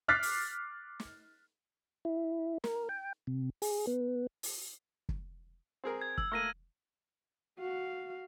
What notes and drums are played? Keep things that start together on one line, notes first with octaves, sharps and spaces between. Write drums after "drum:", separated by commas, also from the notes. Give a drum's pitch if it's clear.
D6 F6 F#6 A6 B6 C7
drum: open hi-hat
drum: snare
E4
A#4, drum: snare
G5
C3
G#4, drum: open hi-hat
B3
drum: open hi-hat
drum: kick
C4 G#4 A#4
G#6
E6, drum: kick
A3 A#3 F6 A#6 D#7
F#4 F5